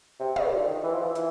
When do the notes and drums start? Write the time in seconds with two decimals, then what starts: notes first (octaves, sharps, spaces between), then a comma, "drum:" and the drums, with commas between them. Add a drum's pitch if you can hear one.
0.20 C3
0.36 C#3, drum: tom
0.52 D3
0.67 D#3
0.83 E3
0.94 F3
1.04 E3
1.15 E3, drum: hi-hat